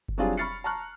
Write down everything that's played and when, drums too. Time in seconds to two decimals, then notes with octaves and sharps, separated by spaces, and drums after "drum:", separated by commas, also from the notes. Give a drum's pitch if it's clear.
0.08 drum: kick F#1
0.18 F#3 G3 C4 D4 F4 G#4
0.37 B5 C#6 F6 A6 C7 C#7
0.64 A5 A#5 C#6 F6 F#6